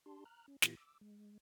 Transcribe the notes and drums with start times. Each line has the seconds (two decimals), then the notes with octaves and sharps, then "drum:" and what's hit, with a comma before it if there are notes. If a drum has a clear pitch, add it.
0.06 D4 G4 A5 C6
0.25 A#5 F6 F#6
0.48 C#4
0.62 A#2 E3 B3 E4 F4 G4, drum: snare
0.77 D6 E6
1.01 G#3